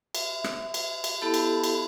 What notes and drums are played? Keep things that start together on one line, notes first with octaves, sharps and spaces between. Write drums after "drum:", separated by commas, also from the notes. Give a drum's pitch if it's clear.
E5, drum: cymbal
drum: rim click
drum: cymbal
drum: cymbal
B3 E4 G4 A4 A5 B5
drum: cymbal
drum: cymbal